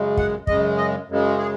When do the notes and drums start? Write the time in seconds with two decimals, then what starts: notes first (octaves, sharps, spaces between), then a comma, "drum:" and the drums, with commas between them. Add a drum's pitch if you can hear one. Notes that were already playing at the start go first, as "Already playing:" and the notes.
Already playing: F#2 C#3 G#3
0.17 F#5, drum: kick
0.47 F#2 C#3 G#3 D#5, drum: kick
0.77 D#5
1.08 F#2 C#3 G#3
1.38 G#4